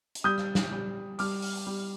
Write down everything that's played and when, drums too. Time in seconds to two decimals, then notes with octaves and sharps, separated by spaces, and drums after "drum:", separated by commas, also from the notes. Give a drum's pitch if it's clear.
0.15 drum: hi-hat
0.24 G3 D#6 G6
0.38 drum: rim click
0.55 drum: snare
0.72 G3
1.19 G3 D6 F6, drum: open hi-hat
1.42 drum: open hi-hat
1.67 G3